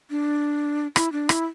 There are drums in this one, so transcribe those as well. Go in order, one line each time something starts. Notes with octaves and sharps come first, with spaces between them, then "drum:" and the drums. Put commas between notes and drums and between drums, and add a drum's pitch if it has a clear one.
D4
E4, drum: rim click
D4
E4, drum: rim click